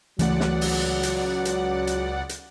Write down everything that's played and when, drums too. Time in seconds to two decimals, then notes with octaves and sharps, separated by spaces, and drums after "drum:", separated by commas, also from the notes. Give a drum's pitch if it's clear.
0.19 C#2 E3 F#3 A3 D5 F#5, drum: hi-hat
0.40 drum: snare
0.61 drum: open hi-hat
1.03 drum: hi-hat
1.45 drum: hi-hat
1.87 drum: hi-hat
2.29 drum: hi-hat